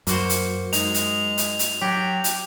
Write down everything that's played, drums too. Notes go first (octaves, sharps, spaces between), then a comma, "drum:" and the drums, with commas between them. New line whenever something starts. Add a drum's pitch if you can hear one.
F#2 A#3 F#4 C5, drum: hi-hat
drum: hi-hat
G#3 D#4 F7, drum: hi-hat
drum: hi-hat
drum: hi-hat
drum: hi-hat
F#3 G4
drum: hi-hat